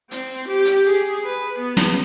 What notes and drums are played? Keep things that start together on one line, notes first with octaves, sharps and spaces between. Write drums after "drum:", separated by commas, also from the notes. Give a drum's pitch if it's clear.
C4, drum: hi-hat
G4
drum: hi-hat
G#4
B4
B3
drum: snare